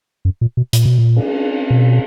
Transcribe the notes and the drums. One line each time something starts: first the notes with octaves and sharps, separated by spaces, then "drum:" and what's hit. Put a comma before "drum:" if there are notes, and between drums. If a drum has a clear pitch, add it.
F#2
A#2
B2
A#2, drum: hi-hat
B2
A#2
drum: cymbal
B2